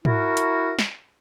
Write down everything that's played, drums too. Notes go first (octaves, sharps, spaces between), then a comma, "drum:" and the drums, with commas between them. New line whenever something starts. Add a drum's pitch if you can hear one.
E4 F#4 A#4, drum: tom G#2
drum: hi-hat
drum: snare